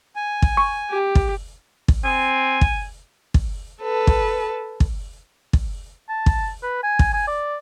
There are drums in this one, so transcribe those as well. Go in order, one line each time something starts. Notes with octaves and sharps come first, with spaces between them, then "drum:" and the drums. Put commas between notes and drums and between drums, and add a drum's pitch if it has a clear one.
G#5
drum: kick
C#6
G4
drum: kick
drum: kick
C4 G#5
drum: kick
drum: kick
A4 B4 A5
drum: kick
drum: kick
drum: kick
A5
drum: kick
B4
G#5
drum: kick
G#5
D5